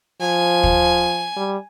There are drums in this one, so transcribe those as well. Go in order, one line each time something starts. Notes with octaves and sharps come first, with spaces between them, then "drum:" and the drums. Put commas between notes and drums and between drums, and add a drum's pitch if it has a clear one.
F3 G#5
drum: kick
G3